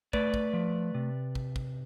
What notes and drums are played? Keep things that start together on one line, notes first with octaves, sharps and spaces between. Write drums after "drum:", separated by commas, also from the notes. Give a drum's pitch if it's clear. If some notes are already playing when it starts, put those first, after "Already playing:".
A3 B4 D5, drum: kick
drum: kick
F3
C3
drum: kick
drum: kick